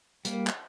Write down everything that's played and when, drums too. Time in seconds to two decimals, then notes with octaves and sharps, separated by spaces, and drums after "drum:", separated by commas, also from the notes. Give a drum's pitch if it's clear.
0.25 G3 A#3, drum: hi-hat
0.47 drum: clap